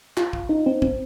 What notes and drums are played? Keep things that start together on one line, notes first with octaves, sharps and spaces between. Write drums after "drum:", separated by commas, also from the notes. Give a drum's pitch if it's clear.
F4, drum: clap
drum: kick
D#4
C4
C4, drum: kick